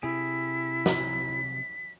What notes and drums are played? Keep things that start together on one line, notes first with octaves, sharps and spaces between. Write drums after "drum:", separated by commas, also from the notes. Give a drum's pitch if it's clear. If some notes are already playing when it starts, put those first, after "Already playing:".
C3 E4 G#4 B6
drum: snare